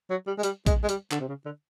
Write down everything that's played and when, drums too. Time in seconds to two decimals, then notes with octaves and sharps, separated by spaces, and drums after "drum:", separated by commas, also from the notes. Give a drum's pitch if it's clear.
0.10 F#3
0.27 G3
0.38 G#3
0.43 G3, drum: hi-hat
0.66 G#3, drum: kick A#1, hi-hat
0.83 G#3
0.89 G3, drum: hi-hat
1.11 D3, drum: clap
1.20 C3
1.28 C#3
1.45 D3